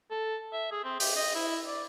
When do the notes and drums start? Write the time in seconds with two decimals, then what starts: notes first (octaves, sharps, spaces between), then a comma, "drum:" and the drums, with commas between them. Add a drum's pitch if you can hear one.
0.11 A4
0.53 E5
0.71 G#4
0.84 C4
1.00 G4, drum: open hi-hat
1.16 D#5
1.35 E4
1.67 D5